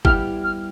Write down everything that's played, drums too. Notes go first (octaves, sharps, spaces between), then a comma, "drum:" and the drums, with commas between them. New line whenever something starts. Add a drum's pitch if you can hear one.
G3 B3 E4 G4 F6, drum: kick
F6